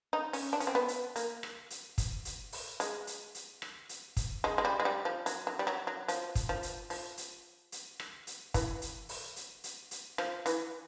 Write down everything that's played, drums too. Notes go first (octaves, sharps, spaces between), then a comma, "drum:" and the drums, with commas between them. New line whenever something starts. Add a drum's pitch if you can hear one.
D#4
C#4, drum: open hi-hat
D4
C#4, drum: hi-hat
C4
B3
drum: hi-hat
A#3, drum: hi-hat
drum: rim click
drum: hi-hat
drum: kick, hi-hat
drum: hi-hat
drum: open hi-hat
G#3, drum: hi-hat
drum: hi-hat
drum: hi-hat
drum: rim click
drum: hi-hat
drum: kick, hi-hat
G#3
G#3
G3
G#3
G3
F3
F#3, drum: hi-hat
F#3
G3
F#3
F#3
F3, drum: hi-hat
drum: kick, hi-hat
F3
drum: hi-hat
F3, drum: open hi-hat
drum: hi-hat
drum: hi-hat
drum: rim click
drum: hi-hat
E3, drum: kick, hi-hat
drum: hi-hat
drum: open hi-hat
drum: hi-hat
drum: hi-hat
drum: hi-hat
F3, drum: rim click
E3, drum: hi-hat